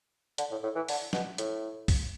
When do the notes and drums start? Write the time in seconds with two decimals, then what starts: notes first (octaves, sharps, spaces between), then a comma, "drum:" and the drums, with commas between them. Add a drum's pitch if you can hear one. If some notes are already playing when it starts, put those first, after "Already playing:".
0.38 D3, drum: hi-hat
0.51 A2
0.63 A2
0.75 E3
0.88 D3, drum: open hi-hat
1.13 B2, drum: snare
1.38 A2, drum: hi-hat
1.88 drum: kick C2, open hi-hat